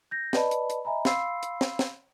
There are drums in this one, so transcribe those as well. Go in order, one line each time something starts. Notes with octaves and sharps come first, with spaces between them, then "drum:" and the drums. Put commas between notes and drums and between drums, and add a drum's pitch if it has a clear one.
G6 A#6
B4 D5 D#5 A5 B5, drum: snare
drum: hi-hat
drum: hi-hat
D#5 E5 G#5 A#5 B5
F5 B5 C6 E6 C7, drum: snare
drum: hi-hat
drum: snare
drum: snare